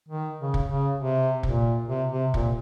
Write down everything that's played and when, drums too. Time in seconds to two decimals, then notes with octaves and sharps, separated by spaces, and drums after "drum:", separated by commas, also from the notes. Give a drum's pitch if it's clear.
0.08 D#3
0.38 C#3
0.54 drum: kick
0.68 C#3
0.99 C3
1.43 A#2, drum: kick
1.88 C3
2.11 C3
2.34 A#2, drum: kick